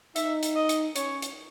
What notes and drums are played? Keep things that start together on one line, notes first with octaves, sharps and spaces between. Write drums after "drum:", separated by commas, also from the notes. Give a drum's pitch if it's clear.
D#4 E5, drum: hi-hat
drum: hi-hat
D#5
drum: hi-hat
C#4 C#5, drum: hi-hat
drum: hi-hat